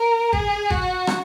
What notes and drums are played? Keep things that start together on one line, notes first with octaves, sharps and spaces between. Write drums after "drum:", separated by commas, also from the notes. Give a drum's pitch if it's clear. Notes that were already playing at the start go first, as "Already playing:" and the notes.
Already playing: A#4
G#4, drum: kick G#1
F#4, drum: kick G#1
drum: rim click